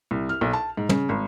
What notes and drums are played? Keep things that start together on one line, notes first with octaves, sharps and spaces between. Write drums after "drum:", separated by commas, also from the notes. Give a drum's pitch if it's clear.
C2
F6
B1
A5
G#2
C#3, drum: tom
G#1